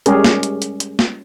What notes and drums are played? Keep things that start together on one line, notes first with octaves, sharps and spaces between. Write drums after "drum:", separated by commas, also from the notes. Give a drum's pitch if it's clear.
G3 G#3 C#4 G4 G#4 A#4, drum: hi-hat
drum: snare
drum: hi-hat
drum: hi-hat
drum: hi-hat
drum: snare